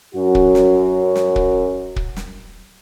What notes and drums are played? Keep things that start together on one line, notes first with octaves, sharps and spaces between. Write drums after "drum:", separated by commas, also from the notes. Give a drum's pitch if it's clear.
F#2 F#4
drum: kick
drum: snare
drum: snare
drum: kick
drum: kick
drum: snare